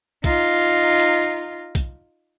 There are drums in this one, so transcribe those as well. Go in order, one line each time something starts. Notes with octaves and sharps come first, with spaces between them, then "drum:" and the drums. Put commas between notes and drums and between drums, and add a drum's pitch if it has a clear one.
D#4 F4, drum: kick B1, hi-hat
drum: hi-hat
drum: kick B1, hi-hat